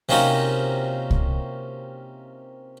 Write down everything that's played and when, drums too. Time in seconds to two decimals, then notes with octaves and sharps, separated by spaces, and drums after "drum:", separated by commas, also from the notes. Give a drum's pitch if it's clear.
0.09 C3 A#3 C#4 D#4 F4 F#4
1.11 drum: kick C2